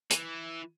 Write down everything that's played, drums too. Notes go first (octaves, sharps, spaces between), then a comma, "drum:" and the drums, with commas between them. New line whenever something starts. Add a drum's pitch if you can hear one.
E3, drum: hi-hat